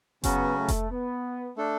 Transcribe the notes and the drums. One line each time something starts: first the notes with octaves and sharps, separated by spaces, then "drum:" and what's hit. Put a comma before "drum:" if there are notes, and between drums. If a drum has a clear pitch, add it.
C#3 F#3 B3 C#4 F#4, drum: kick F1, hi-hat
A3
drum: kick F1, hi-hat
B3
A3 D4 A4